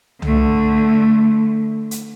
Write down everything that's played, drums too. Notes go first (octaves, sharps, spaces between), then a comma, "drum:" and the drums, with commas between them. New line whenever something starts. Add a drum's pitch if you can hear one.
D3 A3, drum: tom
drum: hi-hat